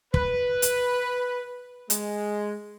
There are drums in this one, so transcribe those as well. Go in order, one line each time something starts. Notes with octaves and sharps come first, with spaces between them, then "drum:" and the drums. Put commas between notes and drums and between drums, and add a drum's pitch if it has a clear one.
B4, drum: kick
drum: hi-hat
G#3, drum: hi-hat